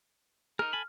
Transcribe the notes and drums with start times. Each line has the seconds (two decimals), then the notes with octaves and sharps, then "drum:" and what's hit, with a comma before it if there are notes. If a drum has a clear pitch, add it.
0.59 D#4 A#4 F6, drum: rim click
0.73 A4 G#5 B5